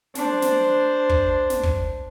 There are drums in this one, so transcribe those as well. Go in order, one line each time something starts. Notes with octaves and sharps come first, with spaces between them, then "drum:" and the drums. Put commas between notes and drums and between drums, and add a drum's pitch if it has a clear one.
D4 C5, drum: snare
drum: snare
drum: kick
drum: snare
drum: kick